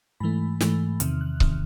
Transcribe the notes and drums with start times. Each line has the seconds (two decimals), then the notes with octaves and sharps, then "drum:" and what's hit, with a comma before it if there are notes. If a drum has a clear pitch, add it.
0.20 G#2 E3 A3 B5
0.61 G#2 E3 A3, drum: snare
1.00 E2 C3 D#3 F6, drum: hi-hat
1.21 F#6
1.40 E2 C3 D#3 F6, drum: kick C#1